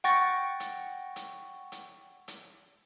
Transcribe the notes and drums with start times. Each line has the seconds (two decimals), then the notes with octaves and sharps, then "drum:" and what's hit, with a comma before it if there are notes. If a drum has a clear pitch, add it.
0.04 F#5 G5 C#6 A6 A#6, drum: hi-hat
0.60 drum: hi-hat
1.16 drum: hi-hat
1.72 drum: hi-hat
2.28 drum: hi-hat